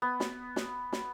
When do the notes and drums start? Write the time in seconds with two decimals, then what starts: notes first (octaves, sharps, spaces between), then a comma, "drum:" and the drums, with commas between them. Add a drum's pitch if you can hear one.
0.02 B3
0.20 drum: snare
0.56 drum: snare
0.93 drum: snare